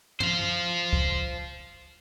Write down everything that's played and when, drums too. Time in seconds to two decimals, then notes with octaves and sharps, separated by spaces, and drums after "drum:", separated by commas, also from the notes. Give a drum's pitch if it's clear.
0.20 C5 F5, drum: tom
0.93 drum: kick